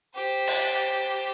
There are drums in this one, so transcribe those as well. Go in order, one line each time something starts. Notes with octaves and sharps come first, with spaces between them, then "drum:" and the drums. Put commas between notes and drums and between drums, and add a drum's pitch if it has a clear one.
G4 C5
drum: cymbal